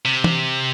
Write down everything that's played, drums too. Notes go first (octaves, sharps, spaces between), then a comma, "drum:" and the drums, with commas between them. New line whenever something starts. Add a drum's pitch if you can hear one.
C3
drum: tom E3